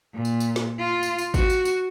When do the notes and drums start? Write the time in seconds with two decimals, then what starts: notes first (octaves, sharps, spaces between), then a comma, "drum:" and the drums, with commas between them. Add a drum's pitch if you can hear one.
0.14 A#2
0.25 drum: tambourine
0.40 drum: tambourine
0.56 drum: snare
0.79 F4
1.03 drum: tambourine
1.18 drum: tambourine
1.34 F#4, drum: kick G#1, tambourine
1.50 drum: tambourine
1.65 drum: tambourine